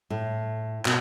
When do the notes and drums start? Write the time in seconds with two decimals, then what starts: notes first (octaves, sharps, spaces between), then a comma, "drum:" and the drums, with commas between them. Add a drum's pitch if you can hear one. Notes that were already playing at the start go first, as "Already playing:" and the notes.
0.10 A2
0.85 B2, drum: clap